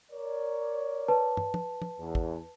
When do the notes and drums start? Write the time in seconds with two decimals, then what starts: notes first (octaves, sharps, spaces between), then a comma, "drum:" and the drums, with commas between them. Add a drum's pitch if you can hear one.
0.12 A#4 C#5 D5
1.08 B4 A5
1.37 drum: tom
1.54 drum: tom
1.82 drum: tom
1.99 E2
2.15 drum: kick